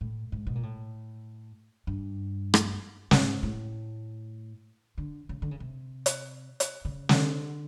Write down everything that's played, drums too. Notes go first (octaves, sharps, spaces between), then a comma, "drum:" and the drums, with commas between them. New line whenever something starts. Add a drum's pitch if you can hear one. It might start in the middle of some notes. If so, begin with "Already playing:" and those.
A2
G#2
B2
A#2
A2
G2
drum: rim click
G#2, drum: snare
A2
D3
C#3
D3
C#3
C3
drum: hi-hat
drum: hi-hat
C#3
D#3, drum: snare
D3